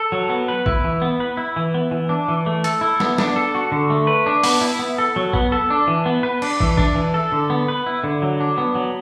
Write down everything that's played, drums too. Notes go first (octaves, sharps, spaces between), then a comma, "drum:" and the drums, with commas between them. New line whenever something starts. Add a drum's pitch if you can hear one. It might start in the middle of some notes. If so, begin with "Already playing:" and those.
Already playing: A4
F#3
B3
B4
E4, drum: kick
E3
B3
B4
E4
E3
B3
E3
D4
E3
A3
A4, drum: hi-hat
E4
B3, drum: snare
D4, drum: snare
A4
F#4
D3
A3
B4
D4
B3, drum: open hi-hat
E4
B3
A4
F#3
B3, drum: kick
A4
D4
E3
B3
B4
D4, drum: cymbal
E3, drum: kick
D4, drum: kick
E3
A4
D3
B3
B4
E4
D3
F#3
D4
B3
F#3